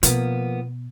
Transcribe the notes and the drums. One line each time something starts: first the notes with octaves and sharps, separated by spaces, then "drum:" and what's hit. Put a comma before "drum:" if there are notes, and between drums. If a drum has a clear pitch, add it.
B2 F3 A#3 B3, drum: hi-hat